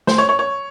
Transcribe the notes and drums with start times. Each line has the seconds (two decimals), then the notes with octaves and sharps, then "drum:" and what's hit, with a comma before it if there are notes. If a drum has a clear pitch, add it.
0.07 C5, drum: snare
0.18 C#5
0.29 C#5
0.39 C#5